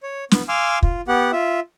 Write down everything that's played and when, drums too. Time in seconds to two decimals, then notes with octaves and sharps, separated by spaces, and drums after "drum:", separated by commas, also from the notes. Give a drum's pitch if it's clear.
0.03 C#5
0.31 B3, drum: snare
0.49 F5 G#5 C6 D6 E6 F6
0.83 F4, drum: kick
1.08 B3 G4 F#5
1.32 F4 E5